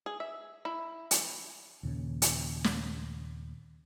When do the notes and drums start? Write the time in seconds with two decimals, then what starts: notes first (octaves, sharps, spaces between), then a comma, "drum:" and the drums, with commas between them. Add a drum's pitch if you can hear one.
0.06 G#4
0.20 E5
0.65 E4
1.11 drum: hi-hat
1.83 D#2 A#2 C#3
2.22 drum: hi-hat
2.64 drum: snare